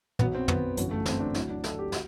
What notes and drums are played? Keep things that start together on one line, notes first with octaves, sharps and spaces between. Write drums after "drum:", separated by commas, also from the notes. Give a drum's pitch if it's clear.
B1 B2 F#3 B3, drum: tom
C4
B3, drum: tom
G1 F#2 E3 F#3, drum: hi-hat
A3
C4, drum: snare
D4
D2 D3 F#3 E4, drum: snare
D4
A4, drum: snare
G4
F#4, drum: snare